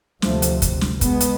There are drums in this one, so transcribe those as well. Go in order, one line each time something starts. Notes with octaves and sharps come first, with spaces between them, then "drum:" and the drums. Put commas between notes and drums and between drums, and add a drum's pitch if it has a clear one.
D2 C3 F3 A3, drum: snare
drum: hi-hat
drum: kick, hi-hat
drum: snare
G#3 B3, drum: kick, hi-hat
drum: hi-hat